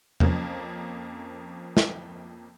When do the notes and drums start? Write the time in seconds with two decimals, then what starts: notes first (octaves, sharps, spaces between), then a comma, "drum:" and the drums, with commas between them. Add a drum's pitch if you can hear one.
0.20 F2 F3 A#3 C#4, drum: tom E2
1.77 drum: snare